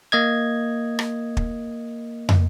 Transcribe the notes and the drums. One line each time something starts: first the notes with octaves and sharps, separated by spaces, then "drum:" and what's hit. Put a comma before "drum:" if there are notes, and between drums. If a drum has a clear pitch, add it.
A#3 D#5 G#6
drum: rim click
drum: kick
drum: tom